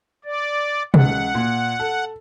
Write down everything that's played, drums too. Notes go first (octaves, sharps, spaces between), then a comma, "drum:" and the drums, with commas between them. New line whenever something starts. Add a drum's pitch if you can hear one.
D5
C#2 F#5, drum: tom
A#2
A4